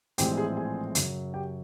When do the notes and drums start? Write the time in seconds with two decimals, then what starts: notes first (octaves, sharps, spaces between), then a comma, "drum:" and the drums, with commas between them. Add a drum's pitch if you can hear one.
0.18 A#1 A2 E3 G#3 C4 G4 G5, drum: hi-hat
0.37 G#4 G#5
0.57 G#4 G#5
0.95 F#2 C#3 F#3, drum: hi-hat
1.34 G4 G5